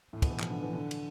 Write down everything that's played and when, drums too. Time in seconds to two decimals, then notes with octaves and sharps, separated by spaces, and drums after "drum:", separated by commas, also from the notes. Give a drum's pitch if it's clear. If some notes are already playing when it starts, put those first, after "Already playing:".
0.13 A2
0.22 B2, drum: kick, cymbal
0.30 E3
0.40 F3, drum: clap
0.50 D3
0.63 E3
0.73 D3
0.91 drum: cymbal